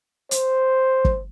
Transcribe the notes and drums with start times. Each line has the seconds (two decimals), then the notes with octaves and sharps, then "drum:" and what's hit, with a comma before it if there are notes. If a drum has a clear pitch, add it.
0.31 C5, drum: hi-hat
1.05 drum: kick